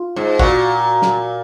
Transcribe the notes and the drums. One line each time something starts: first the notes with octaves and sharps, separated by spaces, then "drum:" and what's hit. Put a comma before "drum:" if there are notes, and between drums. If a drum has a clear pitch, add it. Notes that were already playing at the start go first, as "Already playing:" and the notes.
Already playing: F4
G#2
A#2 F#4, drum: kick
drum: snare